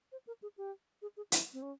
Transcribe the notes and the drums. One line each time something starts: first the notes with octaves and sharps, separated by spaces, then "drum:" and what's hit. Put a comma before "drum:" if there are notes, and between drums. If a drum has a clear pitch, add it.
C5
A#4
G#4
G4
G#4
G#4
E4, drum: hi-hat
C4
C#4